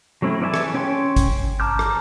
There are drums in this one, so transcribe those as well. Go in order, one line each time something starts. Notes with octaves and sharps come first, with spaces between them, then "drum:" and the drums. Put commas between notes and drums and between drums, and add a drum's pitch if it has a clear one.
F#3 A3 C4 C#4 E4
E3 D5 E5 G#5 A5
drum: rim click
C#4 C#5 G5 C6
drum: kick G#1, hi-hat
A5 A#5 D6 F6 G6
drum: rim click